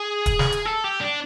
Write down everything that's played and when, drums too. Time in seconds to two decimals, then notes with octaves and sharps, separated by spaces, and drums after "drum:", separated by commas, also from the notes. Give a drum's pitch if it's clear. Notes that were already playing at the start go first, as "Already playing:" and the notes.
Already playing: G#4
0.26 drum: kick, hi-hat
0.39 drum: snare
0.52 drum: hi-hat
0.65 A4
0.84 G4
1.01 D4